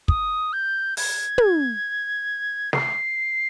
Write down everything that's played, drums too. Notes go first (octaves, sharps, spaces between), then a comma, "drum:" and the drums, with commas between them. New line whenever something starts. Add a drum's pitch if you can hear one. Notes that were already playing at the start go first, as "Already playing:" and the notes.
D#6, drum: kick
G6
G#6, drum: open hi-hat
drum: tom
C7, drum: snare